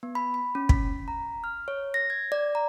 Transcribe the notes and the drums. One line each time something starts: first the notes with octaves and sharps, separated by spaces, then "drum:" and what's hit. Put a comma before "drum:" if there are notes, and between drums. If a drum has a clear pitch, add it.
B3
B5
B5
C#4
B6, drum: kick
A#5
F6
C#5
A#6
G#6
D5
A#5